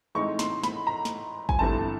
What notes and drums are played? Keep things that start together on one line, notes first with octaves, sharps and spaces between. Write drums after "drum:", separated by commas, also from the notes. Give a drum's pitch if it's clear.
A2 E3 G#3 C4 D#4 C#6
C6, drum: snare
B5, drum: snare
A#5
drum: snare
G#5, drum: kick
G1 G2 E3 A3 C4 A5